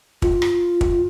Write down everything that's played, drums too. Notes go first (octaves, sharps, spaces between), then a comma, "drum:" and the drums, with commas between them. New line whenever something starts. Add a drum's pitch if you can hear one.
F4, drum: kick
drum: rim click
drum: kick